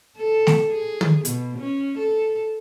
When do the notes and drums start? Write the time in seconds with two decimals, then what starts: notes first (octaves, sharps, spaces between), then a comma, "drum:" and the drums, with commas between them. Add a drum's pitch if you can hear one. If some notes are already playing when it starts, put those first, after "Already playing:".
0.17 A4
0.47 drum: snare
0.72 G#4
1.01 drum: tom
1.25 B2, drum: hi-hat
1.58 C#4
1.98 A4